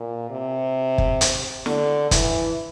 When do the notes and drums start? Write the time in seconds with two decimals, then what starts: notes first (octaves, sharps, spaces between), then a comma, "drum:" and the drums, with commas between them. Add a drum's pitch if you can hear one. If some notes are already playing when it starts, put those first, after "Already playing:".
Already playing: A#2
0.30 C3
0.98 drum: kick
1.21 drum: hi-hat
1.66 D3, drum: snare
2.11 E3, drum: kick, hi-hat